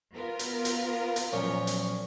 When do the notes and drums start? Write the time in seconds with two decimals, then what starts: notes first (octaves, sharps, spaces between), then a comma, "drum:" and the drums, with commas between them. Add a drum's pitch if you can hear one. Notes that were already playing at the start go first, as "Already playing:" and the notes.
0.14 B3 F4 A#4
0.39 drum: hi-hat
0.65 drum: hi-hat
1.16 drum: hi-hat
1.33 F#2 A#2 F3 C#5
1.67 drum: hi-hat